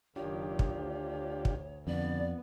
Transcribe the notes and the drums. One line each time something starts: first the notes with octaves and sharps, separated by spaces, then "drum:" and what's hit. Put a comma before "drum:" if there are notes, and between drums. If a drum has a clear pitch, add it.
F#1 D#3 D4 F4 G4 C#5
drum: kick
D2
drum: kick
F2 D3 B3 D5